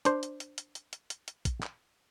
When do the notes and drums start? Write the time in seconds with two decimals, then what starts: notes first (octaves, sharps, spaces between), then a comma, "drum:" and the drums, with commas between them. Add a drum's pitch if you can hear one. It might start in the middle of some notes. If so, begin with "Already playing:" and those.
0.05 D4 C5, drum: hi-hat
0.23 drum: hi-hat
0.40 drum: hi-hat
0.58 drum: hi-hat
0.75 drum: hi-hat
0.93 drum: hi-hat
1.10 drum: hi-hat
1.28 drum: hi-hat
1.45 drum: kick, hi-hat
1.63 drum: clap